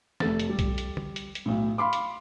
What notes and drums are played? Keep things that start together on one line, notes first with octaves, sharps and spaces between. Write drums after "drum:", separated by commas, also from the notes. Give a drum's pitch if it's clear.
F1 A3 A6, drum: snare
drum: hi-hat
G3
drum: kick B1, hi-hat
drum: hi-hat
drum: tom
drum: hi-hat
drum: hi-hat
B1 A2
F5 B5 C6 D6
drum: hi-hat